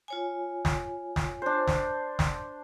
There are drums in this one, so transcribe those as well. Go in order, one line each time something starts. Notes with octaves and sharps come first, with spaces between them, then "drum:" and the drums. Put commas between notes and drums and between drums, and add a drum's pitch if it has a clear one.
F4 C#5 G#5
drum: snare
drum: snare
D4 C5
drum: snare
drum: snare